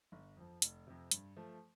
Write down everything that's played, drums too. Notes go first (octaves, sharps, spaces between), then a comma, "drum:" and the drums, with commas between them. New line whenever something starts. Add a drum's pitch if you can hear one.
G1
F2 F3
F1, drum: hi-hat
F2 C3
G2, drum: hi-hat
F3 A3